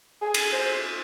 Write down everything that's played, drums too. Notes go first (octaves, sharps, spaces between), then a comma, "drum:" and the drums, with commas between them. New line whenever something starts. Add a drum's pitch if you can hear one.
G#4
drum: cymbal
C5